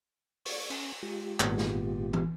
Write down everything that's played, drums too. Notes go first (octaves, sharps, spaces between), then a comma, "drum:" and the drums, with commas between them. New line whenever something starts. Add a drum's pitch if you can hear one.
D5 C#6 G#6, drum: open hi-hat
C#4, drum: cymbal
G#3 F4 G4
G#1 A#2 B3, drum: clap
drum: snare
drum: tom E3